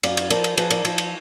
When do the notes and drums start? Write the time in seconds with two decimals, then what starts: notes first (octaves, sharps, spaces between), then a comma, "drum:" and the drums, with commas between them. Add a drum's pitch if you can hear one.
0.03 F#2 D5 F5, drum: cymbal
0.17 drum: cymbal
0.30 F3 A#4 D5, drum: cymbal
0.44 drum: cymbal
0.58 F3 G#4 B4, drum: cymbal
0.70 A#4 D5, drum: cymbal
0.85 F3, drum: cymbal
0.98 drum: cymbal